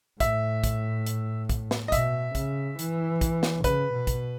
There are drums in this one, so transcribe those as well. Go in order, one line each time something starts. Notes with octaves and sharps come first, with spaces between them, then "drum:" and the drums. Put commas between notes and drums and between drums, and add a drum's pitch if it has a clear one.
A2 E5, drum: kick, hi-hat
drum: kick, hi-hat
drum: hi-hat
drum: kick, hi-hat
drum: snare
D#5
B2 E5, drum: kick, hi-hat
C#3, drum: kick, hi-hat
E3, drum: hi-hat
drum: kick, hi-hat
drum: snare
C#3 B4, drum: kick, hi-hat
B2
drum: kick, hi-hat